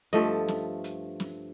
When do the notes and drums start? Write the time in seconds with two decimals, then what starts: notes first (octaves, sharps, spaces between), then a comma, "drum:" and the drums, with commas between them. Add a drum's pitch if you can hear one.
0.13 G2 F3 A3 D#5, drum: snare
0.48 drum: snare
0.84 drum: hi-hat
1.20 drum: snare